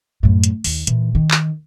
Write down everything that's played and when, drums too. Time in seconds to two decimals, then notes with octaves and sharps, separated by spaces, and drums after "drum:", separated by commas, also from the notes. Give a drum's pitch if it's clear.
0.23 F#2 A2
0.44 drum: hi-hat
0.64 D#2, drum: open hi-hat
0.87 A#2 E3, drum: hi-hat
1.15 D#3
1.31 drum: clap